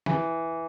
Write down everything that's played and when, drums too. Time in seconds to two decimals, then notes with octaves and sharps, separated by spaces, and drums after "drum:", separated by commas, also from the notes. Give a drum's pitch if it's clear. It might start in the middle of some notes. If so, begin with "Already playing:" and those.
0.06 E3, drum: snare